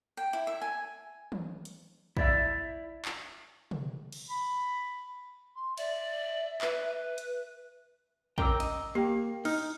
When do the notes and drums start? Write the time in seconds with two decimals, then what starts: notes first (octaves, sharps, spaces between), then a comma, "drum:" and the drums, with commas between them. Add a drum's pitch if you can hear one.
0.17 G5
0.33 E4
0.47 E5
0.61 G#5
1.32 drum: tom
1.65 drum: hi-hat
2.17 E4 D5 E5, drum: kick
3.05 drum: clap
3.71 drum: tom
4.12 drum: cymbal
4.30 B5
5.56 C6
5.78 D5 E5, drum: cymbal
6.61 B4, drum: clap
7.18 drum: hi-hat
8.38 C#4 A#4 G5 A#5 D6 E6, drum: kick
8.60 D#5, drum: cymbal
8.95 A#3 G4 G5
9.45 D#4 F6, drum: cymbal